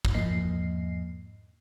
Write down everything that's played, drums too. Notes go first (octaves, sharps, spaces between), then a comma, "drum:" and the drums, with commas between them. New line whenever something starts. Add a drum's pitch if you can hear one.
drum: kick
E2 G#2 F3 A#3 D#5 C7